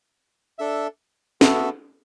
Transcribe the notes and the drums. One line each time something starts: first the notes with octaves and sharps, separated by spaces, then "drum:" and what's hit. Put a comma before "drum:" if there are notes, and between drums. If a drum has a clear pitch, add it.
D4 A4 E5
B3 F#4 A4 E5, drum: snare